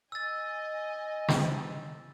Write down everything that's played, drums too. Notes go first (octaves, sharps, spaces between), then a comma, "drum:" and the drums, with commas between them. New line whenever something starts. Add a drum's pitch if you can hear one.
D#5 G#5 E6 A6
drum: snare